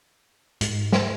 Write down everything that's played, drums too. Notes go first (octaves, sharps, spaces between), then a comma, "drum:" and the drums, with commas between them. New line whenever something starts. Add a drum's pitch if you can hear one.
G#2, drum: hi-hat
drum: snare